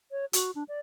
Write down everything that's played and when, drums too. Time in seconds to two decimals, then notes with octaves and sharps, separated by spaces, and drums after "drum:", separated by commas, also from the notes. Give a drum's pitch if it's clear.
0.11 C#5
0.33 F#4, drum: hi-hat
0.55 D4
0.68 D5